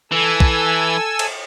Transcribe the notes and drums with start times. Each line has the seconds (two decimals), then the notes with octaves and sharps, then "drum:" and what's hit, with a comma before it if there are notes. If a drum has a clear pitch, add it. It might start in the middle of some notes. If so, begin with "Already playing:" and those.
0.12 E3 A4 G#5 E6
0.40 drum: kick
1.19 drum: cymbal